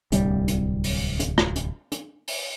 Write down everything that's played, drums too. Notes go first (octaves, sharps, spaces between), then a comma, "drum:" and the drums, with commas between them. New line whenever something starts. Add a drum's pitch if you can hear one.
D1 C2 G3, drum: hi-hat
drum: hi-hat
drum: open hi-hat
drum: hi-hat
drum: rim click
drum: hi-hat
drum: hi-hat
drum: open hi-hat